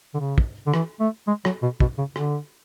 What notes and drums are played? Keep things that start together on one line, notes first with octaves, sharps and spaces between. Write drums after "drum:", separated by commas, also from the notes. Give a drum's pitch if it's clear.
D3
C#3
drum: kick
D3
E3, drum: rim click
A3
G#3
F#3, drum: rim click
B2
B2, drum: kick
C#3
D3, drum: rim click